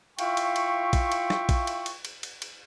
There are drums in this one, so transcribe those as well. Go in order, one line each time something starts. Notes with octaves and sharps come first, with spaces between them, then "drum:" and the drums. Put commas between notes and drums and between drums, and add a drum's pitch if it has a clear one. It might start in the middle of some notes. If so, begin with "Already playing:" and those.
E4 F4 E5 F5 G5 C#6, drum: cymbal
drum: cymbal
drum: cymbal
drum: kick A#1, cymbal
drum: cymbal
drum: snare
drum: kick A#1, cymbal
drum: cymbal
drum: cymbal
drum: cymbal
drum: cymbal
drum: cymbal